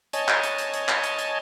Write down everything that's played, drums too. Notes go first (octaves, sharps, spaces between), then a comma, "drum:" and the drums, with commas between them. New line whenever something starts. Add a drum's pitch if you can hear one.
C#5 D#5 G#5 A5, drum: hi-hat
drum: clap
drum: hi-hat
drum: hi-hat
drum: hi-hat
drum: clap
drum: hi-hat
drum: hi-hat